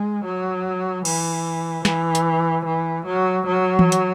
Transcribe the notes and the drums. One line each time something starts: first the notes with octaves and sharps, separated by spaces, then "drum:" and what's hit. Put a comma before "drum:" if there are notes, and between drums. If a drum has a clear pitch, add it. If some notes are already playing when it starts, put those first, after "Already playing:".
Already playing: G#3
F#3
E3, drum: cymbal
E3, drum: snare
drum: hi-hat
E3
F#3
F#3
drum: tom E3
drum: hi-hat